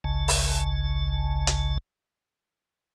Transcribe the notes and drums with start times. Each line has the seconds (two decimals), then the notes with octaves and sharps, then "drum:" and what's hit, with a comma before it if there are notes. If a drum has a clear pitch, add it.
0.04 G#1 C#2 C#3 A5
0.28 drum: open hi-hat
1.47 drum: hi-hat